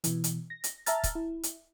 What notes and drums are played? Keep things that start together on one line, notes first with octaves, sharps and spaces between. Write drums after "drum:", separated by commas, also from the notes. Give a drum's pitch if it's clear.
B2 E3, drum: hi-hat
drum: hi-hat
A#6
drum: hi-hat
E5 A5 A#5 F6 A6, drum: hi-hat
drum: kick, hi-hat
E4
drum: hi-hat